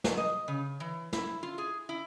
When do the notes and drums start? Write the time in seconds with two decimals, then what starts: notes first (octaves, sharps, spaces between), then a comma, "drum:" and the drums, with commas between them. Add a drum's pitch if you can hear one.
0.04 G#4, drum: snare
0.17 D#5
0.48 C#3
0.80 E3
1.13 E4, drum: snare
1.43 F4
1.58 G#4
1.89 E4